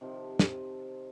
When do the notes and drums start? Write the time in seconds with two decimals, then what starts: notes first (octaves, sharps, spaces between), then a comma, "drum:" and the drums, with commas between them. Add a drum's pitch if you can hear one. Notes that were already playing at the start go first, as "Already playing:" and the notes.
0.01 C3 D#3 F3
0.39 drum: snare